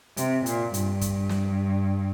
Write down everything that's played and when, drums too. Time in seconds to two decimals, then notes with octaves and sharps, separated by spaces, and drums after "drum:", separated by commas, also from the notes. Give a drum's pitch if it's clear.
0.17 C3, drum: hi-hat
0.46 A#2, drum: hi-hat
0.74 G2, drum: hi-hat
1.01 drum: kick, hi-hat
1.29 drum: snare